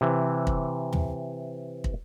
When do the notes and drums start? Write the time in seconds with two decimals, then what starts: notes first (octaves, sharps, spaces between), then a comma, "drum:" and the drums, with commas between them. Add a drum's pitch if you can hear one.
0.01 C3 E3
0.47 drum: kick
0.93 drum: tom
1.84 drum: kick